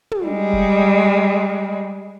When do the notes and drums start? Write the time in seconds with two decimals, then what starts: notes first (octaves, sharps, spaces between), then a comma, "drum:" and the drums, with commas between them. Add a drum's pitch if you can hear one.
0.12 drum: tom
0.24 G3 G#3
0.53 drum: kick F1